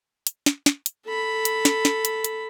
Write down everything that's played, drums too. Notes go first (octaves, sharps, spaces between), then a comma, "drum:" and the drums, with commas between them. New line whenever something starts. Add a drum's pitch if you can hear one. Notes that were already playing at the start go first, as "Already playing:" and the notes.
drum: hi-hat
drum: snare
drum: snare
drum: hi-hat
A4 B5
drum: hi-hat
drum: snare
drum: snare
drum: hi-hat
drum: hi-hat